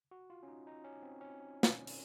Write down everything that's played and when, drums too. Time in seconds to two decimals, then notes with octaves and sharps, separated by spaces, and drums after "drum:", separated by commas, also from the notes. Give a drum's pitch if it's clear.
0.11 F#4
0.30 F4
0.43 C#4
0.48 D#4
0.67 D#4
0.84 C#4
1.03 C4
1.21 C#4
1.63 drum: snare
1.87 drum: open hi-hat